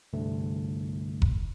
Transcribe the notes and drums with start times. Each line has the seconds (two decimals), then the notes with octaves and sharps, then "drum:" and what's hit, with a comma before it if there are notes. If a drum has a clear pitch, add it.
0.13 C2 G2 D3 A3
1.22 drum: kick F1